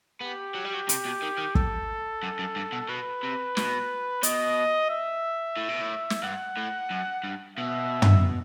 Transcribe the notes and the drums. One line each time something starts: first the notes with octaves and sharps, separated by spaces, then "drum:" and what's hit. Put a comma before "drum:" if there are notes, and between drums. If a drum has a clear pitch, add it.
B3 G4
F#3
G3
F#3
C3, drum: hi-hat
B2
D#3
D#3
A4, drum: kick
F#2
F#2
G2
B2
B2 B4
C3
B2, drum: snare
B2 D#5, drum: hi-hat
E5
A2
B2
A2
drum: snare
G2 F#5
A2
F#2
G2
B2 E5
drum: tom